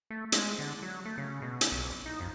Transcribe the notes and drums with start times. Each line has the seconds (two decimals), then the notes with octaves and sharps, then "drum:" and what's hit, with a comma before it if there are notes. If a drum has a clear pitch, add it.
0.10 A3
0.32 G#3, drum: hi-hat
0.59 D3
0.82 F#3
1.05 A3
1.18 C#3
1.42 B2
1.61 drum: hi-hat
1.72 B1
2.06 D#4
2.20 F2